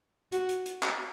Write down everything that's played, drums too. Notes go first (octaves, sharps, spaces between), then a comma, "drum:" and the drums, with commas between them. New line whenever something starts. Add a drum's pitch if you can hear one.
F#4, drum: hi-hat
drum: hi-hat
drum: hi-hat
drum: clap